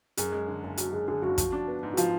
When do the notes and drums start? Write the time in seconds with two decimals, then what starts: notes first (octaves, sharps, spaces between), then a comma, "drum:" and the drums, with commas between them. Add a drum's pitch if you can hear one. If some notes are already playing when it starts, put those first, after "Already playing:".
0.17 F#2 G#4, drum: hi-hat
0.32 G#3
0.48 D3
0.63 F#1
0.77 F#2 F#4, drum: hi-hat
0.92 G#3 G#4
1.08 D3 G#4
1.22 F#1 F#4
1.38 F3, drum: kick, hi-hat
1.52 D4
1.68 B3
1.83 G#2
1.93 F#4
1.97 F3 F4, drum: hi-hat